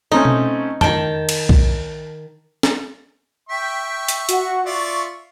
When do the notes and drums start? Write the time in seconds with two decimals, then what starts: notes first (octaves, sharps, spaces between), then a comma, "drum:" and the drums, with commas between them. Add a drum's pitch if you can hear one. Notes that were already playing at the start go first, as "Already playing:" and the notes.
0.12 A3 C4 C#4 D#4
0.25 drum: tom B2
0.81 D#3 G5 A5, drum: tom F2
1.29 drum: cymbal
1.49 drum: kick B1
2.63 drum: snare
3.49 E5 G5 C#6 B6
4.08 drum: hi-hat
4.29 F#4 F#5, drum: hi-hat
4.65 F4 D5 E5 C#6